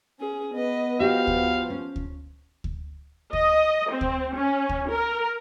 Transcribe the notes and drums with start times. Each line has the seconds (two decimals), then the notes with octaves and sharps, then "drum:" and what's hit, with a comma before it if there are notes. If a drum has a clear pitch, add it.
0.19 C#4 G#4
0.54 B3 B4 D#5
1.00 F3 F#4 G4 C#5 F5
1.27 drum: kick D2
1.70 C#4
1.96 drum: kick D2
2.64 drum: kick D2
3.33 D#5, drum: kick D2
3.91 C4
4.01 drum: kick D2
4.35 C#4
4.69 drum: kick D2
4.90 A#4